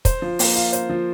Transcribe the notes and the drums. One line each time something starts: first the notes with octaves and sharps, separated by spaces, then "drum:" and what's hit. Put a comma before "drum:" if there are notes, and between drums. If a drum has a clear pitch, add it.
C5, drum: kick, hi-hat
F3
A#3, drum: open hi-hat
F4
C5, drum: hi-hat
F3